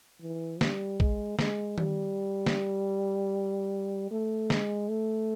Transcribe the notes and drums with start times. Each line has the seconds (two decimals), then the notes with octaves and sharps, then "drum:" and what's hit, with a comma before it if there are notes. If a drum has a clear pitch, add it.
0.22 E3
0.61 G3, drum: snare
1.00 G#3, drum: kick A#1
1.39 G#3, drum: snare
1.78 G3, drum: tom D#3
2.46 drum: snare
4.11 A3
4.50 G#3, drum: snare
4.89 A3